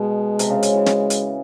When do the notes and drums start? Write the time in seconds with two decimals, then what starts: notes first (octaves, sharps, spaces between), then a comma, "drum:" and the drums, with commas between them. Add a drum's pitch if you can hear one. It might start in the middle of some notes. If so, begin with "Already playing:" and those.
Already playing: B2 G#3
0.39 C3, drum: hi-hat
0.50 C#3
0.63 drum: hi-hat
0.74 E3
0.86 drum: snare
1.10 drum: hi-hat